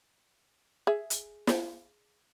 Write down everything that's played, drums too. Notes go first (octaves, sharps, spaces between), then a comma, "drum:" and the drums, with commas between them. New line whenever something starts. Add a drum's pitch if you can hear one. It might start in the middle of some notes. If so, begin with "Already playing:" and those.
G#4 E5
drum: hi-hat
drum: snare